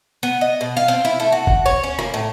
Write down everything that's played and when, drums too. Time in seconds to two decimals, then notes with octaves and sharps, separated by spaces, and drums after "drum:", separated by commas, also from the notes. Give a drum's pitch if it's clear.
0.23 B3
0.41 D#5
0.61 B2
0.77 F5
0.88 C4
1.05 E4
1.20 A3
1.32 F#4
1.47 drum: kick
1.66 C#5
1.83 C#4
1.99 A#3, drum: rim click
2.14 A2